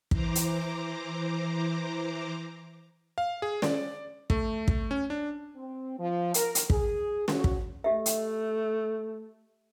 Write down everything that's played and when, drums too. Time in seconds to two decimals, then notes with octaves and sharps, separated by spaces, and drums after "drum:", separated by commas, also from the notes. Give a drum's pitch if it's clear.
0.11 E3 C5 A#5 D6, drum: kick
0.35 drum: hi-hat
3.18 F5
3.42 G#4
3.62 D5, drum: snare
4.30 A3, drum: kick
4.68 drum: kick
4.91 C#4
5.10 D4
5.56 C4
5.98 F3
6.34 A#4, drum: hi-hat
6.55 drum: hi-hat
6.70 G#4, drum: kick
7.28 F#4, drum: snare
7.44 drum: kick
7.84 A3 G4 D#5 E5
8.06 drum: hi-hat